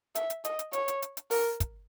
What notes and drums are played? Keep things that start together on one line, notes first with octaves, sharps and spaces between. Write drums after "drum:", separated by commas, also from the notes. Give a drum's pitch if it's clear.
E5, drum: hi-hat
drum: hi-hat
D#5, drum: hi-hat
drum: hi-hat
C#5, drum: hi-hat
drum: hi-hat
drum: hi-hat
drum: hi-hat
A#4, drum: open hi-hat
drum: kick, hi-hat